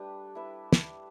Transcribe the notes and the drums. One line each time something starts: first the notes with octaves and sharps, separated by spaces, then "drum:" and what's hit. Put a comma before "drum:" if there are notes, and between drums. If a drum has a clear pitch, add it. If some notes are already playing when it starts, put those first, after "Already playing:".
Already playing: G3 A3 D4 G4 B4
E4 B4 E5
drum: snare